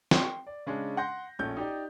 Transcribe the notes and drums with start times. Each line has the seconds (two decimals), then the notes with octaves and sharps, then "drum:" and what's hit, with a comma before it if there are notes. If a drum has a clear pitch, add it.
0.11 G5 C6 C#6, drum: snare
0.47 D5
0.66 C#3 G#3 C#4 D4
0.97 F#5 C6 G6 A#6
1.39 A#1 A3 C#4 G6
1.57 D#4 G4 D5